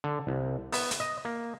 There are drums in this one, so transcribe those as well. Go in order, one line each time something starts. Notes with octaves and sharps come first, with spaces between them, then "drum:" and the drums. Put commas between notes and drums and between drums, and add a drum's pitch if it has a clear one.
D3
C2
B3, drum: open hi-hat
drum: hi-hat
D#5
A#3